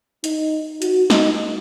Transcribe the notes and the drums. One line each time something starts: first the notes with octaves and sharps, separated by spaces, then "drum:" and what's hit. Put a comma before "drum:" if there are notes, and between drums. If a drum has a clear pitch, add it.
D#4, drum: hi-hat
F#4, drum: hi-hat
D#4, drum: snare